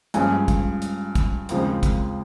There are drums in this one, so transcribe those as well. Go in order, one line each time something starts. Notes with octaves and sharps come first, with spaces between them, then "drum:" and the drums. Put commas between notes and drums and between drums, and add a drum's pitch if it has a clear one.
G2 F3 G#3 C#4 G#5, drum: hi-hat
drum: kick, hi-hat
drum: hi-hat
drum: kick, hi-hat
D#2 C#3 F3 G#3 C4, drum: hi-hat
drum: kick, hi-hat